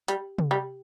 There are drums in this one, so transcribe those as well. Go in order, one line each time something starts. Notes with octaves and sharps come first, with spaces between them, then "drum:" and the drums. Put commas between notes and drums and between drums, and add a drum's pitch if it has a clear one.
G3, drum: hi-hat
drum: tom
G3